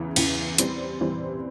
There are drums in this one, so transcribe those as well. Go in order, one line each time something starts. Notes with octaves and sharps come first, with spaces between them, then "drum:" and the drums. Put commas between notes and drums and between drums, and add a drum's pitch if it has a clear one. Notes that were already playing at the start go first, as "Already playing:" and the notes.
Already playing: E2 C#3 E3
E2 C#3 E3, drum: cymbal
E3 G3 C4, drum: hi-hat
E3 G3 C4